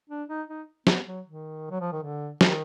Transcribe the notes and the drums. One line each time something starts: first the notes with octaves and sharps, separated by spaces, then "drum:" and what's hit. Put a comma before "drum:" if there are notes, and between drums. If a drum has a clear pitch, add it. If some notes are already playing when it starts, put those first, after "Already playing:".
D4
D#4
D#4
B3, drum: snare
F#3
D#3
F#3
F3
D#3
D3
D#3, drum: snare